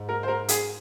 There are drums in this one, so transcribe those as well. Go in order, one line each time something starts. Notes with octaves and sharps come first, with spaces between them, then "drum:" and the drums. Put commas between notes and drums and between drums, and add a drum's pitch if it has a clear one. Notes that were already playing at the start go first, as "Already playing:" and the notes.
Already playing: G#2
A#4
C5
A#4
G#4, drum: hi-hat